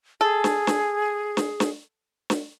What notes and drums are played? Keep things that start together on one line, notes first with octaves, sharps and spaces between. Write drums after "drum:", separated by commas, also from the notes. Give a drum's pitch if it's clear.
G#4 A4
drum: snare
drum: snare
drum: snare
drum: snare
drum: snare